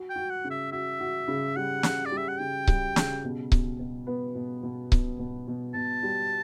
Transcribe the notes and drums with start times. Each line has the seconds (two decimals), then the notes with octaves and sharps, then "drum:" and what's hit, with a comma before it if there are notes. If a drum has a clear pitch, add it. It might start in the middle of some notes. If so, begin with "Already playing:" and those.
Already playing: F#4
0.09 G5
0.16 F#4
0.30 F#5
0.44 C#3
0.51 E5
0.72 F#4 E5
1.00 F#4
1.28 C#3
1.56 G3 F#5
1.83 C#3, drum: snare
2.06 D5
2.11 G3
2.17 E5
2.28 F#5
2.39 C#3 G5
2.67 G3, drum: kick C#1
2.96 C#3, drum: snare
3.24 B2
3.52 B2, drum: kick C#1
3.79 B2
4.07 B3
4.35 B2
4.63 B2
4.92 B2, drum: kick C#1
5.19 B2
5.48 B2
5.74 B2 A5
6.03 G3